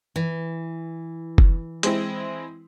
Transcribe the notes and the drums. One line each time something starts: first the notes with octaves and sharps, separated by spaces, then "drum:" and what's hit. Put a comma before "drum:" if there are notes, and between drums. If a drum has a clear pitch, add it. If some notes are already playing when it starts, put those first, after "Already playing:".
E3
drum: kick
G#3 C4 E4, drum: hi-hat